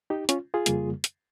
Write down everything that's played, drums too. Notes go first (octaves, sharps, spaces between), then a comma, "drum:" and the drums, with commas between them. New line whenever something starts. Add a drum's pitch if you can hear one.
D#4 G4
C#4 F4, drum: hi-hat
F4 G#4
F2 C#3 G3 A#3, drum: hi-hat
drum: hi-hat